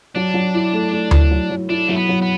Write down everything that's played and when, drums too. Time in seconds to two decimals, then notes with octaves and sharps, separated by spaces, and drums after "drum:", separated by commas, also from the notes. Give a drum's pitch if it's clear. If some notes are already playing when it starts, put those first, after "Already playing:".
0.15 F#3 D4
0.34 F#3
0.54 E4
0.73 A3
0.92 A3
1.11 E4, drum: tom D2
1.31 F#3
1.50 F#3
1.69 D4 E4
1.89 F#3 A3
1.96 B3
2.09 F#3
2.22 B3